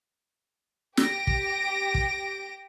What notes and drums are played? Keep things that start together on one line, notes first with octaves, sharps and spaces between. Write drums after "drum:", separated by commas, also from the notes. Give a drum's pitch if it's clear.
G4 A#6 D7, drum: snare
drum: kick
drum: kick